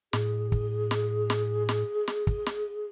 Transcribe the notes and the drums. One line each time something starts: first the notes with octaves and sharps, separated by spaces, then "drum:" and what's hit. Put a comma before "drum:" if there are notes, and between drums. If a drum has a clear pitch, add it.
A2 G#4, drum: snare
drum: kick
drum: snare
drum: snare
drum: snare
drum: snare
drum: kick
drum: snare